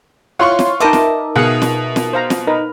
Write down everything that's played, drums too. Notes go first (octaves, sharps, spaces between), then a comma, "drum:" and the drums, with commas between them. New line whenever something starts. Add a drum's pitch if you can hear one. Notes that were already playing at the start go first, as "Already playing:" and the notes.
E4 F4 C#5 F5 F#5 C6 C#6
drum: snare
D#4 A#4 B4 D#5 E5 G5 A5 D6
drum: snare
B2 G#4 F5 F#5
drum: snare
drum: snare
C5 F5 A#5
drum: snare
D#4 A#4 B4